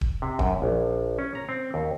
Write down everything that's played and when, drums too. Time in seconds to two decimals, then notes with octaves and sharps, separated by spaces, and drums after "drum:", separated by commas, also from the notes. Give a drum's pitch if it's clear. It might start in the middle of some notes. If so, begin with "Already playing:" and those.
0.01 drum: kick D#1
0.22 C3
0.39 F#2, drum: kick D#1
0.62 A#1
1.19 C#4
1.35 A#5
1.49 C4
1.74 D#2